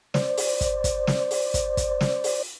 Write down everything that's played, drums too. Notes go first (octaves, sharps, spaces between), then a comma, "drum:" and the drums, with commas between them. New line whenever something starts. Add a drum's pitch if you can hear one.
C5 D5, drum: snare
drum: open hi-hat
drum: kick, hi-hat
drum: kick, hi-hat
drum: snare
drum: open hi-hat
drum: kick, hi-hat
drum: kick, hi-hat
drum: snare
drum: open hi-hat